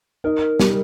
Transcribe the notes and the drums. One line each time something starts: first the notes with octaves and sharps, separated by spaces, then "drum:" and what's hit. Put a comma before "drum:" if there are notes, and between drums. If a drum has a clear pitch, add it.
D#4 A#4
G3, drum: snare